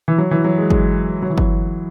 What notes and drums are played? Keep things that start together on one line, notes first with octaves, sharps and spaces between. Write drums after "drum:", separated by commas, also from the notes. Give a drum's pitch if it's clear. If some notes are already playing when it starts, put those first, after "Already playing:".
E3
F#3
E3
F#3
G#3
G#3, drum: kick G1
F#3
E3
F#3, drum: kick G1